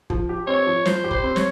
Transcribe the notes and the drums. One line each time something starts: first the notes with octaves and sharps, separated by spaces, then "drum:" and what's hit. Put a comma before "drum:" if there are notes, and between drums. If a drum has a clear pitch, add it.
F3, drum: kick
G4
C4 C#5
F3
F3 C5, drum: snare
G4
C5, drum: kick
C4
C#5, drum: snare